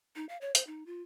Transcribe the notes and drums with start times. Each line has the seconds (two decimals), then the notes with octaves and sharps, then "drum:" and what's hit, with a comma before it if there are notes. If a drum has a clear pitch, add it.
0.16 D#4
0.29 F5
0.41 C#5
0.55 C5, drum: hi-hat
0.67 D#4
0.86 F4